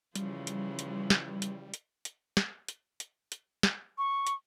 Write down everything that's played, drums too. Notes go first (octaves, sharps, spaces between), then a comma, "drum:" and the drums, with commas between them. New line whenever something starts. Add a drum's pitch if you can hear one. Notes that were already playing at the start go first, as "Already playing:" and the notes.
C#3 E3 F3 G3, drum: hi-hat
drum: hi-hat
drum: hi-hat
drum: snare
drum: hi-hat
drum: hi-hat
drum: hi-hat
drum: snare
drum: hi-hat
drum: hi-hat
drum: hi-hat
drum: snare
C#6
drum: hi-hat